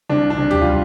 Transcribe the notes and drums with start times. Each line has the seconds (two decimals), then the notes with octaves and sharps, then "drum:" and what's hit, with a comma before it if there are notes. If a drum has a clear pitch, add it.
0.09 C2 D4
0.30 D4
0.37 C2
0.51 G4, drum: tom D2
0.61 G3 F4